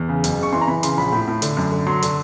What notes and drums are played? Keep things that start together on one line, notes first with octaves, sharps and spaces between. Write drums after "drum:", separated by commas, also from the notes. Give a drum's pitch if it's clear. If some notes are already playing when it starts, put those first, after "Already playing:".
Already playing: E2
C#3
F#1, drum: hi-hat
C#3 C#6
E3 C6
A#5
E3 B5
C#3 C6, drum: hi-hat
A#1 B5
A2
A2
D3, drum: hi-hat
F#2
D3
F#3 C6
D3, drum: hi-hat